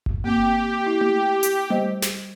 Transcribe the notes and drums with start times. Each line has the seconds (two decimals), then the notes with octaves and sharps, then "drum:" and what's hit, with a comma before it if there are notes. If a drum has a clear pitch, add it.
0.06 drum: kick G1
0.24 A#3 C4 G4
0.86 E4
1.01 drum: tom A3
1.43 drum: hi-hat
1.70 G3 C5 D#5, drum: tom A3
2.02 drum: snare